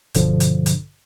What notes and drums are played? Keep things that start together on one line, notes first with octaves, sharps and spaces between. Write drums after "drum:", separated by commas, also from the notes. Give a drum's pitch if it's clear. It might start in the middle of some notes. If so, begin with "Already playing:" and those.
A1 G2 B2 D3 F3, drum: kick, hi-hat
drum: hi-hat
drum: hi-hat